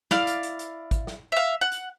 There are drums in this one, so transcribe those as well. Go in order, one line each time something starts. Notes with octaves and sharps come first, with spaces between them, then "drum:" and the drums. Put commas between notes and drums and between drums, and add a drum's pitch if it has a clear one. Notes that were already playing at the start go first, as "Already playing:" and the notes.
E4 D5 F5 F6, drum: snare
drum: hi-hat
drum: hi-hat
drum: hi-hat
drum: kick G#1, hi-hat
drum: snare
E5 F5
F#5
drum: hi-hat